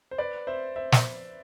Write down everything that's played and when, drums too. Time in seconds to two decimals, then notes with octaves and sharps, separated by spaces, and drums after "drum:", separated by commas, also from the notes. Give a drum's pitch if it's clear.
0.11 C5
0.18 B4 D5
0.47 C5 E5
0.76 C5 E5
0.92 drum: snare